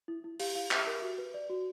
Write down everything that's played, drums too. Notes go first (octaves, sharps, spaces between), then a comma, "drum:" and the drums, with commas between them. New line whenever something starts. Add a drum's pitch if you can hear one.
E4
E4
G4 F5, drum: open hi-hat
E4 F5
G4 E5, drum: clap
A#4
F#4
B4
D5
F#4